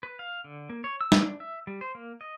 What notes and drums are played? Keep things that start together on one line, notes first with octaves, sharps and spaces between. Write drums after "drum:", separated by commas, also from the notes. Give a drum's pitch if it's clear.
B4
F5
D3
A#3
C#5
E6
drum: snare
D4
E5
G3
C5
A#3
D#5